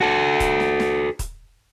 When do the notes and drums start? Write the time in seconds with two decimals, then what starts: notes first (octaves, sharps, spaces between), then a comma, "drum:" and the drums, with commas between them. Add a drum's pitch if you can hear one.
0.01 F#4 A4
0.40 drum: kick, hi-hat
0.60 drum: snare
0.80 drum: snare
1.19 drum: kick, hi-hat